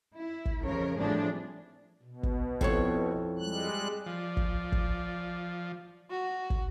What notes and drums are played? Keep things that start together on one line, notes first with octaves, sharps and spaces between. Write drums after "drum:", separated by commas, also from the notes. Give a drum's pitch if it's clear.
E4
drum: kick
F2 C#3 A#4 C#5
A2 F3 G3 C4 D4 G#4
B2
drum: kick
F2 E4 C#5, drum: kick
G3 G#3 F#6
F3 D5
drum: kick
drum: kick
F#4
drum: kick